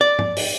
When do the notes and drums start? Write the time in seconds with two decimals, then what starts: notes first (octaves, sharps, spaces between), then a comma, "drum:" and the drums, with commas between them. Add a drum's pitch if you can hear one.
0.01 D5
0.19 drum: tom
0.36 drum: open hi-hat